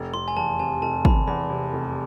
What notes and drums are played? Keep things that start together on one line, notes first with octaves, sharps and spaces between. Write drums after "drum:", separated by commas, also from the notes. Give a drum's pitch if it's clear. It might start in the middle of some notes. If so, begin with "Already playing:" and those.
Already playing: F1
F1 C6
G#5
E2 A5
C3 G#5
F1 A5
F1 B5, drum: kick
E2 B5
C3
F1